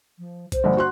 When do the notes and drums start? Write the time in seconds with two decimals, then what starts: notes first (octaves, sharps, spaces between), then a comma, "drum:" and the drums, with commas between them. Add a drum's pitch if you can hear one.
0.18 F3
0.52 C5, drum: kick, hi-hat
0.64 A#1 G2 D3
0.77 F#4 C6 F#6